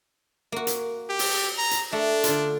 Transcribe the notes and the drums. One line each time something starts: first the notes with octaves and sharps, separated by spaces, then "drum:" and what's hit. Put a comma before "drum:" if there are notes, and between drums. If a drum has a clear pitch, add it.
A#3 F#4
drum: hi-hat
G4
drum: open hi-hat
A#5
drum: hi-hat
A3 D4
D3 F4, drum: hi-hat